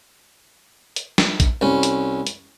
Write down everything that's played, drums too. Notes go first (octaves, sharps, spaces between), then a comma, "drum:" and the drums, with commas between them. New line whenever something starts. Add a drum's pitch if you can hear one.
drum: hi-hat
drum: snare
drum: kick A#1, hi-hat
C2 C#4
drum: hi-hat
drum: hi-hat